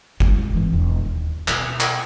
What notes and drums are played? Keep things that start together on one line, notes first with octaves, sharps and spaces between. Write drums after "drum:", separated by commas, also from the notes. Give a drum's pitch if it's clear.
F#2 G#3, drum: kick G1
G#1 E3
E1
D#2
B2, drum: clap
drum: clap